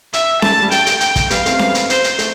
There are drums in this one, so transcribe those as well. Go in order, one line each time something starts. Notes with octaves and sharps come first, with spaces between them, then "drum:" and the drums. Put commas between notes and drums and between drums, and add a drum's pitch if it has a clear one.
E5, drum: hi-hat
A3 A5, drum: snare C#4
A3
G3
A3 G5, drum: hi-hat
drum: hi-hat
G5, drum: hi-hat
drum: kick, hi-hat
G3 B3 F5, drum: hi-hat
A3 C4, drum: hi-hat
G3 B3, drum: snare C#4
drum: hi-hat
C5, drum: hi-hat
drum: hi-hat
A3, drum: hi-hat